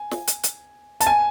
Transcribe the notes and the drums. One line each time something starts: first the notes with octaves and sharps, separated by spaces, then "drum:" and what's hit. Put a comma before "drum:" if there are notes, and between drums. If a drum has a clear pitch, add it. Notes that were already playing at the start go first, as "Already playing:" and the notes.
Already playing: G#5
drum: snare
drum: hi-hat
drum: hi-hat
A5, drum: hi-hat
G#5